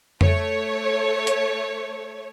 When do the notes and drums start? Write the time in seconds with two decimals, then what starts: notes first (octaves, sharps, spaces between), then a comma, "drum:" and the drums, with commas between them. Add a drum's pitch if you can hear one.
0.21 A3 C#5, drum: tom F2
1.27 drum: hi-hat